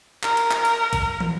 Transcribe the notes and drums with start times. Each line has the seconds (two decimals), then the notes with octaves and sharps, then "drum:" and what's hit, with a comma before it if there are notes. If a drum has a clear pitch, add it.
0.23 A#4, drum: clap
0.37 drum: cymbal
0.51 drum: clap
0.65 drum: cymbal
0.93 drum: kick, cymbal
1.20 drum: tom